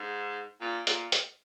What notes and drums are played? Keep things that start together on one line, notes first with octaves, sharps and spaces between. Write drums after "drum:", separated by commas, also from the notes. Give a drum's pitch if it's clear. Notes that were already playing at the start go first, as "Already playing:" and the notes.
Already playing: G#2
A#2
A#2, drum: hi-hat
drum: hi-hat